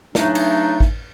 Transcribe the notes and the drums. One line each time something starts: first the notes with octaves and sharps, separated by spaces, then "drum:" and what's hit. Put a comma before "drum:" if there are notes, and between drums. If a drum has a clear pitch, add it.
C#3 E3 F#3 A3 D4 D#4, drum: snare
drum: cymbal
drum: kick